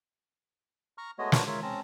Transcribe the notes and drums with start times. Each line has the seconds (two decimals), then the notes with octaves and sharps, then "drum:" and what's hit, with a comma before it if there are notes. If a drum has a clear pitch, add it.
0.98 A#5 C#6 F6
1.19 G#3 A3 B3 F#4 C#5 D#5
1.32 D4 F4 F#4 A#4 B4 C#5, drum: snare
1.47 F4 A#4 C#5 E5
1.63 C4 C#4 A5 A#5